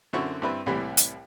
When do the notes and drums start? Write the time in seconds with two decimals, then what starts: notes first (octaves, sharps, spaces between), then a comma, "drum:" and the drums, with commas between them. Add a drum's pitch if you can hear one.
0.13 F#2 D3 C4 E4 F#4 C#6
0.42 G2 G3 C4 E4 B4
0.66 C2 A2 C3 E3 G3
0.97 drum: hi-hat